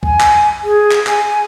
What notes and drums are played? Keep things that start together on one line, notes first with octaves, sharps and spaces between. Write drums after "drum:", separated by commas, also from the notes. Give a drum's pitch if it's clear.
G#5, drum: kick C2
drum: clap
G#4
drum: clap
G#5, drum: clap